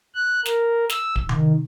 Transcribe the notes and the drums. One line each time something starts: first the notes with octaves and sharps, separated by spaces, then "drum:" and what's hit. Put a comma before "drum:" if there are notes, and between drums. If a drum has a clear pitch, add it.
F#6
A#4, drum: snare
E6, drum: snare
drum: kick D1
D#3, drum: tom C3